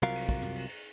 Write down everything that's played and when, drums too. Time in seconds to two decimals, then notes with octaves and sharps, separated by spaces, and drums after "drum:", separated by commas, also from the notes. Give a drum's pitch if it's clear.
0.02 C2 C3 F#3 F4 A#4 F5, drum: cymbal
0.16 drum: cymbal
0.29 drum: kick
0.42 drum: tom
0.55 drum: cymbal
0.68 drum: cymbal